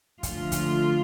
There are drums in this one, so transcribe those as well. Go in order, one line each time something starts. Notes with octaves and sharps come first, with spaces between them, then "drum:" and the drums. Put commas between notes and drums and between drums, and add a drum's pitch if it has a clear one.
D3 F3 A3 F4, drum: kick, hi-hat
drum: kick, hi-hat